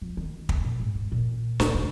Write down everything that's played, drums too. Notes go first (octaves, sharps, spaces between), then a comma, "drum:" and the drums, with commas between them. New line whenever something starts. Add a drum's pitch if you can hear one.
F3
D#3
C#3, drum: kick
A#2
G#2
G#2
A#2
C#3, drum: snare
C#3